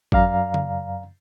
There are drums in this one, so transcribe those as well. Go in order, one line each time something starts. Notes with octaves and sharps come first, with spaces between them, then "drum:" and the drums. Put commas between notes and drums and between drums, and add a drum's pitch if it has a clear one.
F#2 D5 F5 A#5, drum: kick G#1
drum: tom C#3